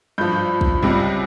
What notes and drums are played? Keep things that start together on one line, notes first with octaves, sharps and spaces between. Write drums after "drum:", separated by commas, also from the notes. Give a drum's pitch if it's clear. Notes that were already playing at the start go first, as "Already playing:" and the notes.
G2 F3 G6
drum: kick
C#2 C3 G3